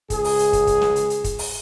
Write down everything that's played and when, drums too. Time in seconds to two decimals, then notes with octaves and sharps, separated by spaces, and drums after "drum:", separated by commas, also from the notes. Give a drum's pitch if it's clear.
0.10 C#2 G#4, drum: kick, hi-hat
0.24 drum: open hi-hat
0.39 drum: hi-hat
0.53 drum: kick, hi-hat
0.67 drum: kick, hi-hat
0.81 drum: snare
0.96 drum: hi-hat
1.10 drum: hi-hat
1.24 drum: kick, hi-hat
1.39 drum: open hi-hat